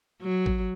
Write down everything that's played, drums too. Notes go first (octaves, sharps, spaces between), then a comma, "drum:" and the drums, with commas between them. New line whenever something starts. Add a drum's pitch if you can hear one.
F#3
drum: kick